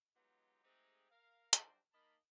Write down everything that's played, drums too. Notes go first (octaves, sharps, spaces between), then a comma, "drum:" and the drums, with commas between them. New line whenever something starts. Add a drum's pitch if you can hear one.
F#3 G#3 B3 D#4 F4 G4
G#3 A3 C4 D#4 G4 G#4
A#4 F5
F#3 G3 D4 C5, drum: hi-hat
D#3 A#3 D#5 A5 B5